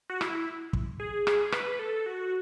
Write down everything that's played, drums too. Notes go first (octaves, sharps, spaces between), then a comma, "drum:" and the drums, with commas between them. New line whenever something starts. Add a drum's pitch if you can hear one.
F#4
E4, drum: rim click
drum: kick
G#4
G#4, drum: rim click
B4, drum: rim click
A4
F#4